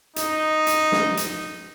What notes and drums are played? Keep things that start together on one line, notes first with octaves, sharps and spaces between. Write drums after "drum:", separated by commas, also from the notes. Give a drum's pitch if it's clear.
D#4, drum: hi-hat
drum: hi-hat
drum: snare
drum: hi-hat